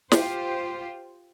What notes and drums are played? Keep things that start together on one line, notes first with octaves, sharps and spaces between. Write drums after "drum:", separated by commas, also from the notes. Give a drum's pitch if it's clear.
F4 G4 C5, drum: snare